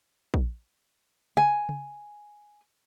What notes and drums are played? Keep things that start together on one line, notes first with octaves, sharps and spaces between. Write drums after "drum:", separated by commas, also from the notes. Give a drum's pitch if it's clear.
drum: kick A#1
G#5, drum: tom C#3
drum: tom C#3